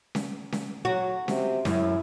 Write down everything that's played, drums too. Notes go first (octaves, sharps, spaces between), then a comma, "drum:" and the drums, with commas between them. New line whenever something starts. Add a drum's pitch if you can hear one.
drum: snare C#4
drum: snare C#4
F#3 F#4
C3, drum: snare C#4
F#2 E4, drum: snare C#4